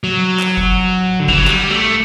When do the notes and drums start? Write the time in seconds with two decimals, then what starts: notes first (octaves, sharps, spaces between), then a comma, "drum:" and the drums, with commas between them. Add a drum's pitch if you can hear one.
0.04 F#3
0.40 drum: clap
0.57 drum: kick F#1
1.20 D3
1.28 E3, drum: kick F#1
1.38 F#3
1.47 G3, drum: clap
1.71 A3